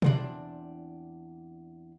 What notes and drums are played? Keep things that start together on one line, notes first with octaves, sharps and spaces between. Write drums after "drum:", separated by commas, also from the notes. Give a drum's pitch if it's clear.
E2 C4 D4, drum: tom B2